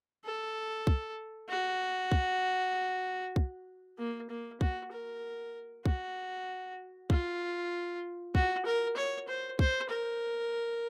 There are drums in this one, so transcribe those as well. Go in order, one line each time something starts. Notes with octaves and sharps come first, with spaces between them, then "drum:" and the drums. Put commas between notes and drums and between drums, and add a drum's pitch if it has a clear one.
A4
drum: kick
F#4
drum: kick
drum: kick
A#3
A#3
F#4, drum: kick
A#4
F#4, drum: kick
F4, drum: kick
F#4, drum: kick
A#4
C#5
C5
C5, drum: kick
A#4